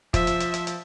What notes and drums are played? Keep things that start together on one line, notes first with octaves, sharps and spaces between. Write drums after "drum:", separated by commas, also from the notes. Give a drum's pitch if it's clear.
F3 E5, drum: kick, hi-hat
drum: hi-hat
drum: hi-hat
drum: hi-hat
drum: hi-hat